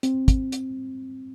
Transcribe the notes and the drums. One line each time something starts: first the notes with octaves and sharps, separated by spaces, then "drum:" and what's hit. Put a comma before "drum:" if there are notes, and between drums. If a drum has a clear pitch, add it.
C4, drum: hi-hat
drum: kick, hi-hat
drum: hi-hat